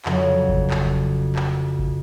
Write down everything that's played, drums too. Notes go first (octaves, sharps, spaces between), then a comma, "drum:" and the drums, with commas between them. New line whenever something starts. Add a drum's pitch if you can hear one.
F2 C#3 F#3, drum: clap
drum: kick G1
drum: clap
drum: clap
drum: kick G1